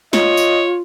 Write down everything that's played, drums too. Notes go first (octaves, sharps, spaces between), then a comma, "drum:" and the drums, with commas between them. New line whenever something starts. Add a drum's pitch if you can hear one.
F4 C#5 D#5, drum: snare
drum: tambourine